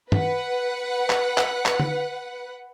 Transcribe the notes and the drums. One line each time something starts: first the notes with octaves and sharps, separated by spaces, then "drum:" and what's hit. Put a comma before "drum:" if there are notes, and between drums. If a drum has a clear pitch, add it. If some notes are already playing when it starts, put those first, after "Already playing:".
B4 F#5, drum: tom
drum: clap
drum: clap
drum: clap
drum: tom